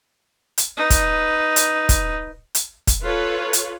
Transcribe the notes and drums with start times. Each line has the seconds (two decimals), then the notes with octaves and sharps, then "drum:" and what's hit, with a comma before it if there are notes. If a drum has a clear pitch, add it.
0.58 drum: hi-hat
0.77 D#4 B4
0.90 drum: kick, hi-hat
1.56 drum: hi-hat
1.89 drum: kick, hi-hat
2.55 drum: hi-hat
2.87 drum: kick, hi-hat
3.04 F4 A4 B4 C#5
3.53 drum: hi-hat